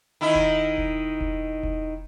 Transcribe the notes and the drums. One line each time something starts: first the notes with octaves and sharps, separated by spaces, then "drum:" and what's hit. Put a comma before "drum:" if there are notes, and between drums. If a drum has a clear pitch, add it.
D#3 D#4 E4
drum: kick E1
drum: kick E1
drum: kick E1
drum: kick E1